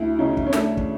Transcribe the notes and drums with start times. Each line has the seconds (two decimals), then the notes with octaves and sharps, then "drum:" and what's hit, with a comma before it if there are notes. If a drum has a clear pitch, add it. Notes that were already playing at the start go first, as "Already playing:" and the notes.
Already playing: D2 E4
0.19 C#3 D#4
0.37 drum: kick
0.46 C#4
0.53 A3 D4, drum: snare
0.77 drum: kick